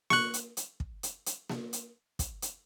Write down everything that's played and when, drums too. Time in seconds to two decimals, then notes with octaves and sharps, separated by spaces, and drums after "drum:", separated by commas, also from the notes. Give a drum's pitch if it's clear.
0.10 C#6 F#6, drum: snare A#3
0.34 drum: hi-hat
0.57 drum: hi-hat
0.80 drum: kick
1.03 drum: hi-hat
1.26 drum: hi-hat
1.50 drum: snare A#3
1.73 drum: hi-hat
2.19 drum: kick, hi-hat
2.42 drum: hi-hat